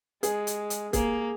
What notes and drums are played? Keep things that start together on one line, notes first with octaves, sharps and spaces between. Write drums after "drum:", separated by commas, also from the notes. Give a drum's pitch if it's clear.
G#3 G#4, drum: hi-hat
drum: hi-hat
drum: hi-hat
A#3 G#4, drum: kick, hi-hat